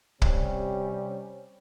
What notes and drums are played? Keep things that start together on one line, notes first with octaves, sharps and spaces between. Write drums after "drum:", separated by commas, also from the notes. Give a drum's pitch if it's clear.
C3 G3 C4 C#4, drum: kick